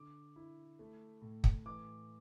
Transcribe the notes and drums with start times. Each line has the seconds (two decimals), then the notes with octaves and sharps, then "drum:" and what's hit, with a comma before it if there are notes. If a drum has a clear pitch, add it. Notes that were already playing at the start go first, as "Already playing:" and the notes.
Already playing: D3 D6
0.36 E4
0.79 A3
1.22 A2
1.44 drum: kick
1.66 E3 D6